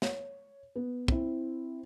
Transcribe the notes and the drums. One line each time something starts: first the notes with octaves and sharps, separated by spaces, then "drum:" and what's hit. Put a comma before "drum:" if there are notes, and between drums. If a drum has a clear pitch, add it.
C#5, drum: snare
B3
C4 E4, drum: kick